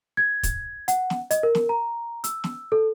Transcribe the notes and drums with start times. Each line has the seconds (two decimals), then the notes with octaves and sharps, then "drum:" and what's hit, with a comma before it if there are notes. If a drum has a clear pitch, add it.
0.17 G#6
0.43 drum: kick, hi-hat
0.88 F#5, drum: hi-hat
1.10 drum: snare
1.31 D#5, drum: hi-hat
1.43 A#4
1.55 drum: snare
1.69 A#5
2.24 E6, drum: hi-hat
2.44 drum: snare
2.72 A4